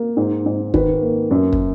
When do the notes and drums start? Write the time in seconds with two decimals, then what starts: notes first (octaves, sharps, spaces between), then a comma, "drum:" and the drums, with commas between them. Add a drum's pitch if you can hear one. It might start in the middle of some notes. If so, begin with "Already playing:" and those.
Already playing: A#3
0.17 G#2
0.46 G#2
0.74 D#3 B4, drum: kick
1.02 A#3
1.31 F#2
1.53 drum: kick